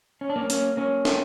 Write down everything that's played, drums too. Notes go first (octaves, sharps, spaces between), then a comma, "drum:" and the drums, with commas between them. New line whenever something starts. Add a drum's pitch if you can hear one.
C#4
D4
A#3 C#4
A#3 C#4, drum: hi-hat
A#3 C#4
drum: snare